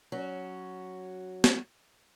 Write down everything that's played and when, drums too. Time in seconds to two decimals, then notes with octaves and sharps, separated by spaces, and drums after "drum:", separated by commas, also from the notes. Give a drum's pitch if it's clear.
0.12 F#3 C#4 F#4
1.44 drum: snare